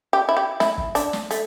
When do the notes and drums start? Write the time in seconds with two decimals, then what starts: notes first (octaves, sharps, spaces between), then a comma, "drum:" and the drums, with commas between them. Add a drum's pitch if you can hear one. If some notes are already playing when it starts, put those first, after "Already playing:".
0.13 G4
0.29 E4
0.37 G4
0.60 E4, drum: snare
0.78 drum: kick
0.95 D4, drum: hi-hat
1.13 drum: snare
1.31 A3, drum: hi-hat